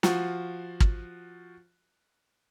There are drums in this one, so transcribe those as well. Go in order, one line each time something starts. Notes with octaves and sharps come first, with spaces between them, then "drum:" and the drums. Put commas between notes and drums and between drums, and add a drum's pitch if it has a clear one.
F3 F4 F#4, drum: snare
drum: kick